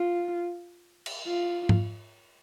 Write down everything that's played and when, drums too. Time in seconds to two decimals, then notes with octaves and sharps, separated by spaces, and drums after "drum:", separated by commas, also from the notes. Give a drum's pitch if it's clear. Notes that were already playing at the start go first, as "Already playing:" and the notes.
Already playing: F4
1.06 drum: cymbal
1.26 F4
1.69 drum: tom G#2